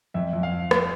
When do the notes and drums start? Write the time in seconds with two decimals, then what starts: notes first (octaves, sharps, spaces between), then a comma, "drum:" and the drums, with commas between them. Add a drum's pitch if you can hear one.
0.14 F2 E5
0.33 F2
0.43 F5
0.71 drum: rim click